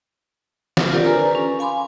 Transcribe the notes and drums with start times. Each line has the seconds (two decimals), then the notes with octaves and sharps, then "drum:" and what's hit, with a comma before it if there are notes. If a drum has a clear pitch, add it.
0.77 drum: snare
0.90 D4 F4 G4 A#4 C5 D5
1.04 A4 B4 G#5 A#5
1.35 C#4
1.59 F5 G#5 B5 C6 D6